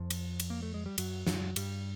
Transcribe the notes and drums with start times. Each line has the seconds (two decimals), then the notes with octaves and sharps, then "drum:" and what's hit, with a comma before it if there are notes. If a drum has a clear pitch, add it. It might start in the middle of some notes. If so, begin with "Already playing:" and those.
Already playing: F2 F3
0.10 drum: cymbal
0.40 drum: cymbal
0.50 A#3
0.62 A3
0.74 G#3
0.86 G3
0.98 F#2 F#3, drum: cymbal
1.27 F#2 F#3, drum: snare
1.56 G2 G3, drum: cymbal